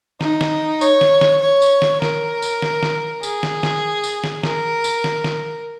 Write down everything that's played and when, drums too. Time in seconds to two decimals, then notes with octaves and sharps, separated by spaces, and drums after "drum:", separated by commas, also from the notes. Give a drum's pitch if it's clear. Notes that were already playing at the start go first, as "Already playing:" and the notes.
0.21 D#4, drum: snare
0.41 drum: snare
0.81 C#5, drum: tambourine
1.01 drum: snare
1.21 drum: snare
1.41 C#5
1.62 drum: tambourine
1.82 drum: snare
2.02 A#4, drum: snare
2.42 drum: tambourine
2.62 drum: snare
2.83 drum: snare
3.23 G#4, drum: tambourine
3.43 drum: snare
3.63 drum: snare
4.03 drum: tambourine
4.24 drum: snare
4.43 A#4, drum: snare
4.84 drum: tambourine
5.04 drum: snare
5.24 drum: snare